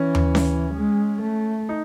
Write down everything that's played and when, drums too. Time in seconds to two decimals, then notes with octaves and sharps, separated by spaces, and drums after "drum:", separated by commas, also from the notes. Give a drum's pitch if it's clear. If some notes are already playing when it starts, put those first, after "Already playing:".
Already playing: E3 C#4
0.15 drum: tom D#2
0.35 drum: snare C#4
0.74 G#3
1.22 A3
1.69 D#4